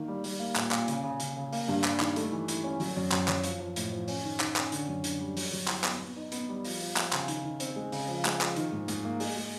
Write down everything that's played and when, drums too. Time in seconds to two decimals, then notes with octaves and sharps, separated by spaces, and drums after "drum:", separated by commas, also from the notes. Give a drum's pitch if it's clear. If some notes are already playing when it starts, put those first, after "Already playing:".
Already playing: D#3 A#3
0.08 G3
0.24 G3, drum: open hi-hat
0.40 A#3
0.56 A#2, drum: clap
0.71 A#2, drum: clap
0.88 C#3, drum: hi-hat
1.04 C#3
1.20 C#3, drum: hi-hat
1.37 C#3
1.52 A#3, drum: open hi-hat
1.68 G2
1.84 G3, drum: clap
2.00 D#3, drum: clap
2.16 A3, drum: hi-hat
2.32 E3
2.48 E4, drum: hi-hat
2.64 C#4
2.80 F#3, drum: open hi-hat
2.96 F#2
3.12 F#2, drum: clap
3.28 F#3, drum: clap
3.43 F3, drum: hi-hat
3.60 F3
3.76 A2, drum: hi-hat
3.92 F3
4.08 C#4, drum: open hi-hat
4.24 D#3
4.40 D#3, drum: clap
4.56 C#4, drum: clap
4.72 D3, drum: hi-hat
4.89 F#2
5.04 D3, drum: hi-hat
5.21 G3
5.37 F#3, drum: open hi-hat
5.52 F#3
5.68 E4, drum: clap
5.84 B3, drum: clap
6.00 B3
6.16 D#4
6.32 B3, drum: hi-hat
6.49 G3
6.64 F3, drum: open hi-hat
6.81 F3
6.97 F3, drum: clap
7.13 C#3, drum: clap
7.28 D#3, drum: hi-hat
7.44 D#3
7.60 C4, drum: hi-hat
7.76 G#3
7.92 C#3, drum: open hi-hat
8.08 F3
8.25 G#3, drum: clap
8.41 F3, drum: clap
8.56 D#3, drum: hi-hat
8.72 G#2
8.88 G#2, drum: hi-hat
9.05 A#3
9.20 G#3, drum: open hi-hat
9.37 G#3